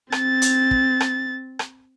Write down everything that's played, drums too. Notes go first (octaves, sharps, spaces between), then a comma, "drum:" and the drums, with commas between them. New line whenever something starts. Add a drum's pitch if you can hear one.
C4 A6, drum: rim click
drum: hi-hat
drum: kick
drum: rim click
drum: rim click